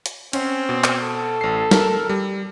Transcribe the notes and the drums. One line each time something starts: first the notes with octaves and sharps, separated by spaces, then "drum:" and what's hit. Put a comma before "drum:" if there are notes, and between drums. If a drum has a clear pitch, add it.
drum: hi-hat
C4 C#4, drum: cymbal
B2
drum: clap
A4
A1 C7
A#4, drum: snare
G3